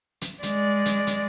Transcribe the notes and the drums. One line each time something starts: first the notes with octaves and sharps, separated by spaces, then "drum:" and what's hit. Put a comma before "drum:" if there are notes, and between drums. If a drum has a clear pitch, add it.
drum: hi-hat
G#3 D5, drum: hi-hat
drum: hi-hat
drum: hi-hat